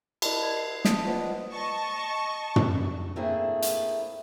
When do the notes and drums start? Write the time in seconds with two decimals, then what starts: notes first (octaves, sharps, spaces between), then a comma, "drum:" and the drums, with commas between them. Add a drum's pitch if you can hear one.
0.22 E4 A#4 D5 D#5 A5 B5, drum: cymbal
0.43 G#6
0.57 C7
0.85 A#3 A5 D#6, drum: snare
1.05 F4 B4 C5 D5 D#5 F#5
1.52 D#5 A5 C#6
2.56 drum: tom
3.16 A3 A#3 C4 D4 E4 G#4
3.62 drum: hi-hat